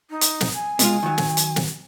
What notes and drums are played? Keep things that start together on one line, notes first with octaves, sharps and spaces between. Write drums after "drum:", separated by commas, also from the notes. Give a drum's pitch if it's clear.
D#4
drum: hi-hat
drum: snare
G#5
B2 G#3 F4, drum: hi-hat
D#3 F#3
drum: snare
drum: hi-hat
drum: snare